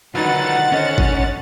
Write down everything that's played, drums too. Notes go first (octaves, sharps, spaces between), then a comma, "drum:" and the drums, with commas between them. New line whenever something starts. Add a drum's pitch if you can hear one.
D3 D#3 F#3 D#4 F4 B4 F#5 A6
C#4 C5 D#5
drum: kick G#1